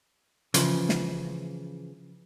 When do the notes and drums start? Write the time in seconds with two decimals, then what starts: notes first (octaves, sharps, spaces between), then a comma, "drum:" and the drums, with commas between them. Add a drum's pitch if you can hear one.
0.54 C#3 E3 F3, drum: hi-hat
0.89 drum: snare